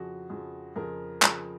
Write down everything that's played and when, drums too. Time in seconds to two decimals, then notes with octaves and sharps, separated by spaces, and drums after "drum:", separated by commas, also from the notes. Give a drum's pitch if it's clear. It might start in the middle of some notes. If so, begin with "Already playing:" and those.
Already playing: F2 C#3 F3 F#4
0.30 F2 C#3 F3
0.76 F2 C#3 F3 A#4
1.22 F2 C#3 F3, drum: clap